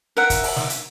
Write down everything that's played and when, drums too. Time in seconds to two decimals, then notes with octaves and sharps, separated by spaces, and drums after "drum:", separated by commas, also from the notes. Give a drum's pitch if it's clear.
0.17 A#4 E5 F#5
0.30 drum: kick, hi-hat
0.43 drum: open hi-hat
0.56 drum: snare
0.70 drum: hi-hat